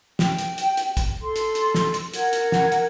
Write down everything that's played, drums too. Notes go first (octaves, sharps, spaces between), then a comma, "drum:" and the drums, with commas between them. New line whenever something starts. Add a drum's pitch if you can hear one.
G5, drum: snare
drum: hi-hat
drum: hi-hat
drum: hi-hat
drum: kick, hi-hat
A4 C6
drum: hi-hat
drum: hi-hat
drum: snare
drum: hi-hat
A#4 F#5 G#6, drum: hi-hat
drum: hi-hat
drum: snare
drum: hi-hat